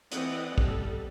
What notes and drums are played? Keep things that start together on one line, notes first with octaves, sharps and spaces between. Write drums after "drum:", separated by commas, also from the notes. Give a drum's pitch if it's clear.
E3 C4 D5 D#5 F#5, drum: hi-hat
G3 A4, drum: kick